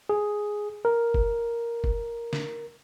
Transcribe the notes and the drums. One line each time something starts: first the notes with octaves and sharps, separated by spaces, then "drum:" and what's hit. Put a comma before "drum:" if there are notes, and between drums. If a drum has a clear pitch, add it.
G#4
A#4
drum: kick F#1
drum: kick F#1
drum: snare